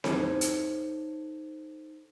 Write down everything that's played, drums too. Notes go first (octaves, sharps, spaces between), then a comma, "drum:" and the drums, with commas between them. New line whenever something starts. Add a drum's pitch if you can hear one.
D#4 A4 C5 C#5, drum: snare C4
drum: hi-hat